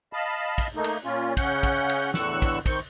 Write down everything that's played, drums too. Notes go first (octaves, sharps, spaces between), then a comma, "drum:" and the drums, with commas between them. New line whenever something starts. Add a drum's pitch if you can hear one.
D#5 F5 A5 B5
drum: kick, cymbal
A3 A#3 D#4
drum: cymbal
A#2 C#4 F4
C#3 C#4 F#5 G6, drum: kick, cymbal
drum: kick, cymbal
drum: cymbal
E2 A2 D3 C#6 E6 F#6, drum: snare
drum: kick, cymbal
D#3 C4 C#6 G6, drum: kick, cymbal